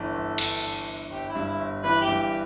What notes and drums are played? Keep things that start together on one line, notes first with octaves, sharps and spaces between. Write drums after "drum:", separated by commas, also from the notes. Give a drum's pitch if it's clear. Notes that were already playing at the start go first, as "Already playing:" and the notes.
Already playing: G1 E3 A4
G1
G1, drum: cymbal
G1
G1
G1 G4
E4
G2
E4
G1
E3 B4
G4
G2
G4